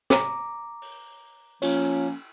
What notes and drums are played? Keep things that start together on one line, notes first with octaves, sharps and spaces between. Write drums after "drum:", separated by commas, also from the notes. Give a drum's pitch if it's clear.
A#5 D6, drum: snare
drum: open hi-hat
F3 A#3 C#4 F4 C#5, drum: cymbal